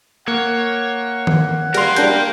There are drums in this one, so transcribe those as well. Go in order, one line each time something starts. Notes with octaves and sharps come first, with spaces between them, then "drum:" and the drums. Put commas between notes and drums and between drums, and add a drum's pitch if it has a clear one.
A#3 C#5 F#5
drum: tom D#3
G3 A#4 F5 C6, drum: cymbal
G3 D4 G4 G6, drum: hi-hat